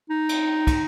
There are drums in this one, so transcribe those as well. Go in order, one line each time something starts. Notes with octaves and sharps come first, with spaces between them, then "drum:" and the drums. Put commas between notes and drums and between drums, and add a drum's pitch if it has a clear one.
D#4
drum: cymbal
drum: kick, cymbal